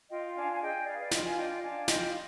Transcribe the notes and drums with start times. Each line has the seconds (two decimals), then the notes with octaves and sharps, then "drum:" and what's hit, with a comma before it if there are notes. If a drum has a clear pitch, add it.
0.10 F4 D#5 G5
0.35 D4 F5 G#5
0.52 G#5
0.61 G#4 D#5 G5
0.86 B4 D5 F5
0.99 D5 F5
1.11 F4 D#5 G5, drum: snare
1.24 F5 G#5
1.37 D4 D#5 G5
1.63 D4 F5 G#5
1.88 F4 D#5 G5, drum: snare